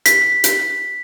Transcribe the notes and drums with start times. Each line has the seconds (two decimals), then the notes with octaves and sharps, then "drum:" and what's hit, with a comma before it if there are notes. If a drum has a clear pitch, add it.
0.06 B6, drum: hi-hat
0.44 drum: hi-hat